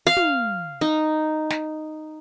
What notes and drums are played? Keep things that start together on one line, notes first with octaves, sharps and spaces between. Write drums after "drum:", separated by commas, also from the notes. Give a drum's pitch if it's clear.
F5
drum: tom
D#4
drum: snare